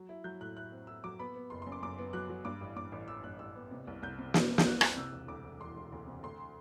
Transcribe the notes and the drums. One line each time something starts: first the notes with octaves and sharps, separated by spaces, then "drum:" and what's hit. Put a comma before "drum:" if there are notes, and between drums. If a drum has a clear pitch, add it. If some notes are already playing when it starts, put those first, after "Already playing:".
Already playing: F#3
E4
F#3 G6
A2 F#6
E4 F#6
C4
E4 E6
F#3 D6
B3 B5
B3
F#1 C6
F#2 C6
D6
F#2 D6
B3
F#3 F#6
F#3
G2 D6
A1
G2 D6
A1
E3 E6
G2 F#6
A1 E6
B3
C3
C2
C2 G6
C3
C2, drum: snare
C3
G6, drum: snare
C2 F#6
C4 F#6, drum: rim click
C3 E6
E1
D2 D6
D2
E1 C6
E1
D2
C3
D2 C6